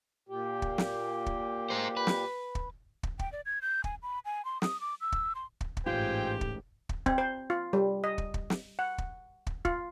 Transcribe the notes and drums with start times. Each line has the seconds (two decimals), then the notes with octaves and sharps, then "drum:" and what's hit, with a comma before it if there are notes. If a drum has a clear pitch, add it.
0.29 A#2 G4
0.62 drum: kick
0.78 drum: snare
1.26 drum: kick
1.70 G#4 C5
1.97 B4
2.07 drum: snare
2.55 drum: kick
3.03 drum: kick
3.19 G5, drum: kick
3.32 D5
3.46 G#6
3.62 G6
3.84 G#5, drum: kick
4.03 B5
4.25 G#5
4.45 C6
4.62 D#6, drum: snare
4.81 D6
5.01 E6
5.12 drum: kick
5.35 C6
5.61 drum: kick
5.77 drum: kick
5.86 A1 G#2 F4 G4 C5 G5 G#5
6.41 drum: kick
6.89 drum: kick
7.06 C4, drum: kick
7.18 C5
7.50 F4
7.73 G3
8.04 D#5
8.18 drum: kick
8.34 drum: kick
8.50 drum: snare
8.79 F#5
8.98 drum: kick
9.47 drum: kick
9.65 F4, drum: kick